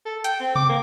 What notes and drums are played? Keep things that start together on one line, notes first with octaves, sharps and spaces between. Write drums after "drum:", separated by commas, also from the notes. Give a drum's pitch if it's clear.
A4
G5, drum: hi-hat
C4
D6, drum: tom C3
A#3